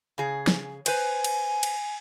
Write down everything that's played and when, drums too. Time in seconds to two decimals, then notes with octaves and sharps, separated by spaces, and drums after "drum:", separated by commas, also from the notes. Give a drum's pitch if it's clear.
0.18 C#3 G#4
0.47 drum: snare
0.86 B4 C5 G#5, drum: cymbal
1.24 drum: cymbal
1.63 drum: cymbal